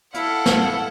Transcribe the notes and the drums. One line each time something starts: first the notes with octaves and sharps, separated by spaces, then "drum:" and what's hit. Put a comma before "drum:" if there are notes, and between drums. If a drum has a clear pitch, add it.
E4 A4 F5 F#5, drum: hi-hat
drum: snare